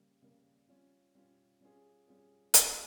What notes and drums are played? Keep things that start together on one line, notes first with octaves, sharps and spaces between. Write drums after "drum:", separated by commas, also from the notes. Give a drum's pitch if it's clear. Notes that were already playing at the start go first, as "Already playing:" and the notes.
Already playing: C#3 G3 A#3
C#3 G3 A#3
G3 C#4 F4
G3 C#4 F4
G3 C#4 F4 G#4
G3 C#4 F4 G#4
A#2 F3 A#3, drum: hi-hat